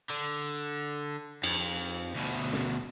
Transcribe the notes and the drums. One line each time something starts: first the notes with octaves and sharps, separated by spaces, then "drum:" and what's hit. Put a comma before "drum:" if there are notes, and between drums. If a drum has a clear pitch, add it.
D3
F2, drum: cymbal
D2 B2
drum: snare